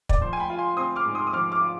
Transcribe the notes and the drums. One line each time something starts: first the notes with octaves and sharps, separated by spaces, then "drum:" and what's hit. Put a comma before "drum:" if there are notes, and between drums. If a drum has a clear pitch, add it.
D5, drum: kick
F3 C5
G#5
G5 B5
F4
G#5 C6
C4 C6 D#6
D6 F6
G#2
C6 D#6
D#6
F3 D6 F6
D6 F6
F4